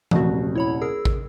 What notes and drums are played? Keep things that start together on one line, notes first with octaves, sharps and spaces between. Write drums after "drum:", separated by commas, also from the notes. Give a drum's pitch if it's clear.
D#1 C2 F3 A3 F#4, drum: tom E3
E4 C#5 B5
G#4 A#4 E6
drum: kick A1